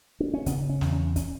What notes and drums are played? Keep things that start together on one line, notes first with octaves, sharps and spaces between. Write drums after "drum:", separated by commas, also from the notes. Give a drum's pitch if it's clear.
D4
C#4
C#3 B3, drum: kick, hi-hat
C#4
E2, drum: snare
C#4
C#4, drum: kick, hi-hat